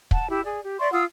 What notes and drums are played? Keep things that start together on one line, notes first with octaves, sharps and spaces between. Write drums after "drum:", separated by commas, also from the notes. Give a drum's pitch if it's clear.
F#5 A5, drum: kick
E4 G4
G#4 D5
G4
D5 E5 C6 C#6
F4 F#5 D#6 E6